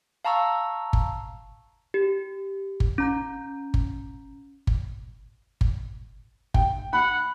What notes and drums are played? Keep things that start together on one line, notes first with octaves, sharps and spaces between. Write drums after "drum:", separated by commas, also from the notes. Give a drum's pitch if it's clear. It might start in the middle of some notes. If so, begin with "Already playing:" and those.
F5 A5 A#5 C#6 E6
drum: kick G1
G4
drum: kick G1
C#4 A#5 G6
drum: kick G1
drum: kick G1
drum: kick G1
G5, drum: kick G1
F#5 B5